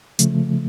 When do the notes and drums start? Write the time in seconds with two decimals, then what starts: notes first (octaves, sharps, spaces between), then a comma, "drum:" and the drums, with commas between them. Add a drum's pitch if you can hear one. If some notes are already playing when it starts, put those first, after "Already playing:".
0.19 C#3 F3 A3, drum: hi-hat